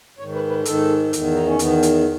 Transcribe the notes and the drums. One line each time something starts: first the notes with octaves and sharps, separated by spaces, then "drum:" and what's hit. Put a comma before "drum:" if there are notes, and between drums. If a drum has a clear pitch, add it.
G#2 D#3 C#5
B4
B4
G#2 D#3 A4, drum: hi-hat
E2 D#3, drum: hi-hat
D#4
C#4
E2 D#3 B3, drum: hi-hat
drum: hi-hat